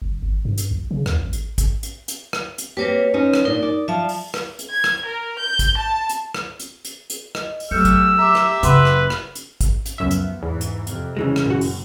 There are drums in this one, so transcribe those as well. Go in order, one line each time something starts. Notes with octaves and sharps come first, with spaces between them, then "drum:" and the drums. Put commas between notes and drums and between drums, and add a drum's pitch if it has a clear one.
F#1
G1
G2
drum: hi-hat
A#1
C#3
D#2, drum: rim click
A1
drum: hi-hat
drum: kick, hi-hat
drum: hi-hat
drum: hi-hat
drum: rim click
drum: hi-hat
A#3 C4 G4 B4 C#5
C#4 D#4 C5
drum: rim click
A#2 D4 D#4 A#4
D5
F3 E5 F5 A5
drum: open hi-hat
drum: rim click
drum: hi-hat
G#6
drum: rim click
A#4
G6
drum: kick, hi-hat
A5
drum: hi-hat
drum: rim click
drum: hi-hat
drum: hi-hat
drum: hi-hat
D#5, drum: rim click
drum: open hi-hat
F#3 A3 G4 E6 F6 G6 C#7
drum: kick, hi-hat
G4 E5 A#5 D6
drum: rim click
F#1 C#3 B4 F#5 C6 E6, drum: hi-hat
drum: rim click
drum: rim click
drum: hi-hat
drum: kick, hi-hat
drum: hi-hat
C#2 F#2 F3 B3 E5
drum: hi-hat
E2 G#2 E3
drum: hi-hat
F2 C3, drum: hi-hat
F2 C#3 E3 G#3
drum: rim click
F#1 A#2 F#4
drum: open hi-hat